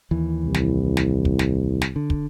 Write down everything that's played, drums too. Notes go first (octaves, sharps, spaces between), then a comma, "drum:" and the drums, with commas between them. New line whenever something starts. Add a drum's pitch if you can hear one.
D#2 E3
C2
drum: snare
drum: snare
drum: kick
drum: snare
drum: snare
D3
drum: kick